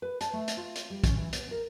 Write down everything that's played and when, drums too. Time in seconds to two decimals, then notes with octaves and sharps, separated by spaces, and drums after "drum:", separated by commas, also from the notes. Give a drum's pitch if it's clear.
0.02 B4
0.21 A5, drum: hi-hat
0.33 A3
0.48 drum: hi-hat
0.57 F4
0.76 drum: hi-hat
0.90 G3
1.04 C#4, drum: kick, hi-hat
1.16 E3
1.33 B3, drum: hi-hat
1.51 A#4